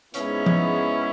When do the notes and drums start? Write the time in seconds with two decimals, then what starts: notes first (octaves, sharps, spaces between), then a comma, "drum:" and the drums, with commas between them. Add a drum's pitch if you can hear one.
0.14 G#2 G#3 B3 C#4 E4, drum: hi-hat
0.46 drum: tom F3